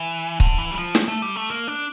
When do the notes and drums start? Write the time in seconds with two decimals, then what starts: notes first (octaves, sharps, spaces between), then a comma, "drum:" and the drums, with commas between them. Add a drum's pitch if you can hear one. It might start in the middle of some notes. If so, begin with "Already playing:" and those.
Already playing: E3
0.40 D3, drum: kick C#1
0.58 E3
0.71 G3
0.77 F3
0.95 drum: snare
1.08 A3
1.22 G3
1.36 A3
1.50 A#3
1.68 D4